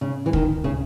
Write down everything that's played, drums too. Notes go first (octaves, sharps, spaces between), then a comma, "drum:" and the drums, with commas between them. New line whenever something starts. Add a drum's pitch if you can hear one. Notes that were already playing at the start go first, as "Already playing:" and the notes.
C#3
E3
D#3, drum: kick
C#3